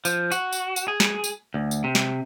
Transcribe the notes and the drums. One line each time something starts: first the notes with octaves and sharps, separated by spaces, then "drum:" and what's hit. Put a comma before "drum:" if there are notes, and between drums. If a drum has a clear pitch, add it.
F3, drum: tambourine
F#4, drum: tambourine
drum: tambourine
drum: tambourine
G#4
drum: snare
drum: tambourine
D2
drum: tambourine
C3
drum: snare